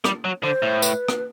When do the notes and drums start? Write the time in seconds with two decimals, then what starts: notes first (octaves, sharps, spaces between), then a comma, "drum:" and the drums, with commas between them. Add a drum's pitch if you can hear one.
0.04 G3, drum: rim click
0.25 F#3
0.43 D3 C5
0.62 A2
0.82 B4, drum: tambourine
1.08 drum: rim click